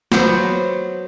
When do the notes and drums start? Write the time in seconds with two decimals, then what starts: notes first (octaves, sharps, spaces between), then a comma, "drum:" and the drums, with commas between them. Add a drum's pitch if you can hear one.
0.12 F#3 B3 C5 F#5, drum: snare